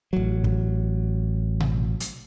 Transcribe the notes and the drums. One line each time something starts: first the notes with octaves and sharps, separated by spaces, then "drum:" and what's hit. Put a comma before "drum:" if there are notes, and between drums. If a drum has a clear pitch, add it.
A1 F#3
drum: kick
drum: tom B2
drum: hi-hat